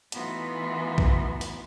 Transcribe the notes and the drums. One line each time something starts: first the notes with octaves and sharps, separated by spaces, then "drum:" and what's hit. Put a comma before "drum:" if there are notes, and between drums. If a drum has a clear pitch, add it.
E3 A3 B3 D#4 F4 F#4, drum: hi-hat
drum: kick B1
drum: open hi-hat